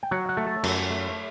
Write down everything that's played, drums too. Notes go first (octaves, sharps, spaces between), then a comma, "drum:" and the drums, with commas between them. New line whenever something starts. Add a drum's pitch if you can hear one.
G5
F#3 F#5
F#5
A3
A4
F#2, drum: cymbal
A3